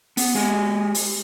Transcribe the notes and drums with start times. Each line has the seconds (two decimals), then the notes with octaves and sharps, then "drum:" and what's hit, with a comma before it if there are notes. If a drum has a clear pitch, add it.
0.17 B3, drum: open hi-hat
0.35 G#3 G4 G#5
0.95 drum: open hi-hat